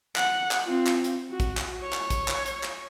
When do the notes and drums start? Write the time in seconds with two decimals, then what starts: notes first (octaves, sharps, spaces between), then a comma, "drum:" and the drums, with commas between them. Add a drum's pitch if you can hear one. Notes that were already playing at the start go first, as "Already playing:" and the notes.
0.16 F#5, drum: clap
0.51 drum: clap
0.64 C4 F4
0.87 drum: clap
1.04 drum: hi-hat
1.30 F#4
1.40 drum: kick, hi-hat
1.57 drum: clap
1.83 C#5
1.93 drum: clap
2.10 drum: kick, hi-hat
2.28 drum: clap
2.46 drum: hi-hat
2.63 drum: clap